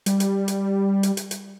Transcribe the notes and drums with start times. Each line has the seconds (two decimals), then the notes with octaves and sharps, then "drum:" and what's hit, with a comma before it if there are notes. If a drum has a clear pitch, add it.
0.06 G3, drum: hi-hat
0.20 drum: hi-hat
0.48 drum: hi-hat
1.03 drum: hi-hat
1.17 drum: hi-hat
1.31 drum: hi-hat